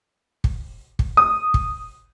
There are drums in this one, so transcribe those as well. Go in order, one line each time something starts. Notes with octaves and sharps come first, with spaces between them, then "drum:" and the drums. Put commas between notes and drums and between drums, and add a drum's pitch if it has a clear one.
drum: kick
drum: kick
D#6
drum: kick